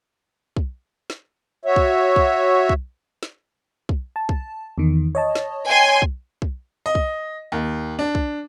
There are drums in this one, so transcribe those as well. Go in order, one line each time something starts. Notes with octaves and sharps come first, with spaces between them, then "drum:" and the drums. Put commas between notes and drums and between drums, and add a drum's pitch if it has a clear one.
drum: kick
drum: snare
F#4 C#5 E5
drum: kick
drum: kick
drum: kick
drum: snare
drum: kick
A5
drum: kick
E2 D#3
C#5 D#5 A5
drum: snare
G5 G#5 C6
drum: kick
drum: kick
D#5
drum: kick
D#2
D4
drum: kick